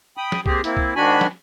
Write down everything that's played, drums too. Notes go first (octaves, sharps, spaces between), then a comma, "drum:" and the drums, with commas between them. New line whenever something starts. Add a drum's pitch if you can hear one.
G5 B5 D#6
drum: snare
A#3 C4 G4 G#4, drum: kick C2
A#3 C4 E4, drum: hi-hat
drum: kick C2
G#2 D#3 D4 F#4 G#5 B5
drum: snare